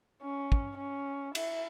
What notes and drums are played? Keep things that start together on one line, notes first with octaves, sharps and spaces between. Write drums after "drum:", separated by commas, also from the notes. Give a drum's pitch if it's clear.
C#4
drum: kick
C#4
E4, drum: cymbal